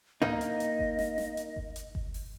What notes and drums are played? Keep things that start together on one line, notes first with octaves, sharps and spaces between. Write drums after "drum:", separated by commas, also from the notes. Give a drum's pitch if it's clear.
A#3 D#4 D#5, drum: tom G#2
drum: hi-hat
drum: hi-hat
drum: kick G1
drum: snare
drum: snare
drum: hi-hat
drum: kick G1
drum: hi-hat
drum: kick G1
drum: open hi-hat